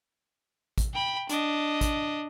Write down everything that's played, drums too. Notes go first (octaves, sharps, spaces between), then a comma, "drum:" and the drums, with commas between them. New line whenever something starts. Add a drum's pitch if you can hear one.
drum: kick, hi-hat
G5 B5
D4 D#5, drum: hi-hat
drum: kick, hi-hat